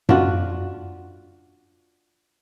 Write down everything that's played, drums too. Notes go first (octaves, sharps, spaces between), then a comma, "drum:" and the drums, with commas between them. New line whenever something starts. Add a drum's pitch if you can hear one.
D4 F4 F#4 B4, drum: tom F#2